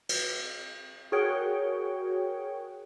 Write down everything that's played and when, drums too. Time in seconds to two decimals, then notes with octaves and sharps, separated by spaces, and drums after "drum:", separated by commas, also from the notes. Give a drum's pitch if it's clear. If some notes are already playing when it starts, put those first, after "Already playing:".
0.09 drum: cymbal
1.12 F#4 G#4 A#4 C#5 G5